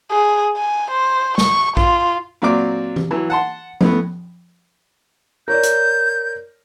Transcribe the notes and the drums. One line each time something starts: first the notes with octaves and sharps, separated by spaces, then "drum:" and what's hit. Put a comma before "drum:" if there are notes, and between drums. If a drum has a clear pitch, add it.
G#4
G#5
C5
C#6, drum: snare
F4, drum: kick
A#2 F#3 C4 D5 D6
drum: tom
E3 F#3
F#5 A5 C6
A2 A3 B3, drum: tom F3
A#4 C#5 D5 G6
drum: hi-hat